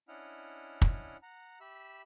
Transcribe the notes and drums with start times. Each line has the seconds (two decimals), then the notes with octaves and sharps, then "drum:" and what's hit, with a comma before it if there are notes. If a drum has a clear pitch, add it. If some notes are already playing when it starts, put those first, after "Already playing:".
0.08 C#4 D4 E4 D#5 F#5 F6
0.82 drum: kick
1.23 F#5 A#5
1.60 G4 E5 B5 E6